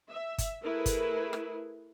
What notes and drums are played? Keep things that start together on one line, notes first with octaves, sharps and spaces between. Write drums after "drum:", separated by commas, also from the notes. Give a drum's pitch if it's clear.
E5
drum: kick G1, hi-hat
A3 E4 G#4 A#4 B4
drum: kick G1, hi-hat
drum: rim click